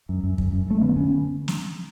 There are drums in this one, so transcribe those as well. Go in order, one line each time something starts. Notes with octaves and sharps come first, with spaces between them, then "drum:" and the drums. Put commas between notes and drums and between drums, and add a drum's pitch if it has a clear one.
F#2
F#2
F#2, drum: kick
F#2
F#2 A3
D3 B3
D3 C#4
drum: snare